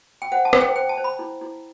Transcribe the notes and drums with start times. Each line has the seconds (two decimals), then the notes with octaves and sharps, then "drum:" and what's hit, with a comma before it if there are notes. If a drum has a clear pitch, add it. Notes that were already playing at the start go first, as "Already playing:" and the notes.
0.22 G5
0.32 C5 F#5
0.45 A5
0.53 C5, drum: rim click
0.61 G5
0.76 C5 G5
0.89 A5
0.98 C5
1.04 B5
1.19 E4
1.41 E4